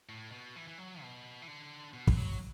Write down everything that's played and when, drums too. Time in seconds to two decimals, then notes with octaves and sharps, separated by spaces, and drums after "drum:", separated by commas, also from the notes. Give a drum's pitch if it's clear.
0.09 A2
0.32 B2
0.56 E3
0.67 E3
0.78 F#3
1.02 B2
1.42 E3
1.48 D3
1.93 B2
2.07 drum: kick
2.17 F#3